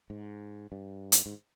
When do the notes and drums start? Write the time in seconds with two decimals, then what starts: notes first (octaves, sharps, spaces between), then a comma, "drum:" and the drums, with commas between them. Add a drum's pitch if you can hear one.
0.10 G#2
0.72 G2
1.12 drum: hi-hat
1.26 G#2